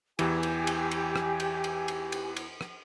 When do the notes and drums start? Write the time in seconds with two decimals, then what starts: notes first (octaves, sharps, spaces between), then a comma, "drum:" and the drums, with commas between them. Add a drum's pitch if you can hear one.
0.19 E2 E3 G4 G#5, drum: cymbal
0.43 drum: cymbal
0.67 drum: cymbal
0.91 drum: cymbal
1.16 drum: rim click
1.40 drum: cymbal
1.64 drum: cymbal
1.88 drum: cymbal
2.12 drum: cymbal
2.37 drum: cymbal
2.61 drum: rim click